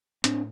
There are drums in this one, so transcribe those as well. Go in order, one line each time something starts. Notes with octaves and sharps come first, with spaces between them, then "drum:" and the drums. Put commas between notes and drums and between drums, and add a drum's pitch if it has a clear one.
A2 C4 D4, drum: hi-hat